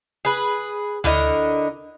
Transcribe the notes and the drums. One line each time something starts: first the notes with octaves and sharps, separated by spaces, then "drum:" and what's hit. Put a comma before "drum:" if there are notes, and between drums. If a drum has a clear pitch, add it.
G#4 B4
D3 E4 A#4 D#5, drum: tom D2